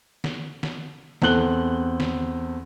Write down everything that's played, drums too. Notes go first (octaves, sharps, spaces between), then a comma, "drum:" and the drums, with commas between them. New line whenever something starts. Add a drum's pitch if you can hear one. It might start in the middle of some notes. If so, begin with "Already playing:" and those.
drum: snare
drum: snare
E2 C4 A4 F#6 F#7 G7, drum: snare
drum: snare